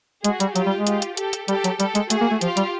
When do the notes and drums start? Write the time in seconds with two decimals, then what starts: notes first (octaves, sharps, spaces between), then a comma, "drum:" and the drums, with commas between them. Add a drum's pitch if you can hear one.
0.24 G#3 F#4 G#4, drum: hi-hat
0.40 G3, drum: hi-hat
0.56 F#3 F4 G4, drum: hi-hat
0.66 G3
0.76 G#3
0.87 F4 G4, drum: hi-hat
1.02 drum: hi-hat
1.17 G4 A4, drum: hi-hat
1.33 drum: hi-hat
1.48 G3 G4 A4, drum: hi-hat
1.64 F#3, drum: hi-hat
1.80 G3 G4 A4, drum: hi-hat
1.95 G#3, drum: hi-hat
2.10 A3 F#4 G#4, drum: hi-hat
2.21 A#3
2.31 A3
2.41 F3 F4 G4, drum: hi-hat
2.57 G3, drum: hi-hat